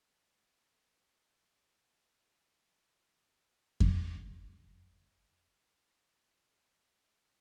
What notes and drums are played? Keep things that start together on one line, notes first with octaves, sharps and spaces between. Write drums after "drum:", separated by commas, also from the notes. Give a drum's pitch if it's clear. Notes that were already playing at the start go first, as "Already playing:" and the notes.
E4 G4
D4 G#6
drum: kick F2
C#4 C#5 F5
F#5 D6